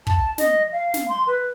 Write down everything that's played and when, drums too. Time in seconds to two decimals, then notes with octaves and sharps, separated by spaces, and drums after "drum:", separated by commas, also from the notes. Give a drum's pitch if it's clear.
0.07 A5, drum: kick
0.38 D#5, drum: snare
0.72 F5
0.94 drum: snare
1.08 C6
1.27 B4